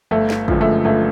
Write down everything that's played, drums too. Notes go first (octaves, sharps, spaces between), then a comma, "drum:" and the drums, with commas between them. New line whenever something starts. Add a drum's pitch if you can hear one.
G1 A3
drum: snare
F#2 D3 F3 G#3, drum: kick
A3
G1 A3